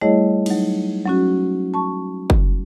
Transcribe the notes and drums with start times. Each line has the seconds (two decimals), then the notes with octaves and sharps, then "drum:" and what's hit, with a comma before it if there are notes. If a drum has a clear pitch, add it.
0.02 G3 A3 E4 G#4 C#5 D#5
0.46 F#3 D#4, drum: cymbal
1.06 F#3 C#4 F#4
1.74 A5 C#6
2.30 drum: kick F#1